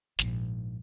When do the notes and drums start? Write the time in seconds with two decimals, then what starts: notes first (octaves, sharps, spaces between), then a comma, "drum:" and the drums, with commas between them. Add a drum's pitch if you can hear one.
0.19 A#1 G#2, drum: snare